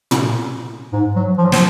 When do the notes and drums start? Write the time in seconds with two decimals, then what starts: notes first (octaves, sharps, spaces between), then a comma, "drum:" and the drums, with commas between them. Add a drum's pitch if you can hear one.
0.11 drum: tom
0.93 G#2
1.16 F#3
1.38 F3
1.45 F#3
1.52 F3, drum: snare